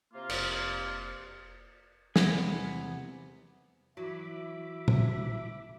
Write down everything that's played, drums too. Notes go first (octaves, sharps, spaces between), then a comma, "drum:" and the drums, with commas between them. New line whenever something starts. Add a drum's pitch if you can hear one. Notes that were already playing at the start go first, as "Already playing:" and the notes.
C3 A#3 F4
F1, drum: cymbal
E2 C3 B3 G#5, drum: snare
E3 F#3 E5 B5 D6
drum: tom